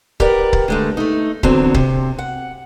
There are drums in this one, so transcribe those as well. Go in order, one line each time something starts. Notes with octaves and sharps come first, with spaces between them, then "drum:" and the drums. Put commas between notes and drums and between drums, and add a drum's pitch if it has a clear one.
G4 A#4 B4 D5 F#5, drum: kick C#1
drum: kick C#1
D3 G#3 A3
A3 D#4
E2 D3 F#3 B3 C4, drum: kick C#1
C3, drum: kick C#1
F#5